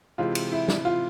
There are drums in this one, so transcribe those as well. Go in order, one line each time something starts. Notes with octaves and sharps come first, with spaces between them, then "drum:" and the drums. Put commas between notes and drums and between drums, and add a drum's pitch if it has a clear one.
C3 E3 G#3 C4 F4
drum: cymbal
E4
drum: snare
F4